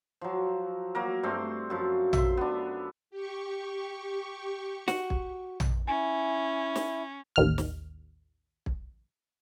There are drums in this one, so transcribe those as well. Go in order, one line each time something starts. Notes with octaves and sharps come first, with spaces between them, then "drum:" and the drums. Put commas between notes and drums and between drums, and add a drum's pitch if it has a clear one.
F3 F#3
F#3 A#3 A#4
G2 A3 C4 C6
F#2 F3
E5 C6, drum: tom A#1
B3 D4
G4 C#6
F#4, drum: snare
drum: kick
drum: tom A#1
C#4 E4 G#5
drum: snare
A1 D#2 F6
drum: snare
drum: kick